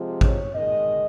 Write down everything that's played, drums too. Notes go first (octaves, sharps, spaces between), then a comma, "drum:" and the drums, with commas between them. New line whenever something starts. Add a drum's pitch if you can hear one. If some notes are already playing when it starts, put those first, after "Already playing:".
Already playing: C3 F3 G#3
C#5, drum: kick A1
D#3 G#3 D#5